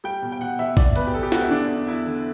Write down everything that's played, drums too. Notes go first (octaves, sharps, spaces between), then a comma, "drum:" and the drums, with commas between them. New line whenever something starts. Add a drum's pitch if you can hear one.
G3 G5
B2
G5
B2 F#5
B2 E5
B2 D5, drum: kick
E2 B4, drum: hi-hat
G4
E2 A4
G4
E2 F#4, drum: snare
E4
D3 D4
E2
E2 E4
D3